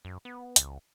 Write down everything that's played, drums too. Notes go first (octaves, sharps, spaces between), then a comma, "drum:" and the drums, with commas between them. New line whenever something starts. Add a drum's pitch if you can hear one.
F#2
B3
C#2, drum: hi-hat